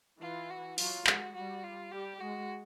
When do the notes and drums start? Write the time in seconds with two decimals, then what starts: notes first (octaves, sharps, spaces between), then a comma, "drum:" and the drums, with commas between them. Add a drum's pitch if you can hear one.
0.21 E3 F4
0.50 F#4
0.78 F#3 F4, drum: open hi-hat
1.07 G#3 F#4, drum: clap
1.35 G3 F#4
1.64 F4
1.91 G3 G4
2.20 G#3 F#4